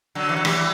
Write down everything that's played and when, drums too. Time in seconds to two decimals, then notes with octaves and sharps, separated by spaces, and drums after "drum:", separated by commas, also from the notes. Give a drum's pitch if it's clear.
0.15 D3 F#3
0.29 E3
0.36 F#3
0.45 E3 G3, drum: rim click